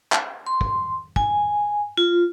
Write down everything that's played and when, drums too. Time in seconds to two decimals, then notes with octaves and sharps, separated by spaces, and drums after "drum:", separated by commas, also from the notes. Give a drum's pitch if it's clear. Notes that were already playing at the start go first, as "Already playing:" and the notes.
0.12 drum: clap
0.47 C6
0.61 drum: kick
1.16 G#5, drum: kick
1.97 F4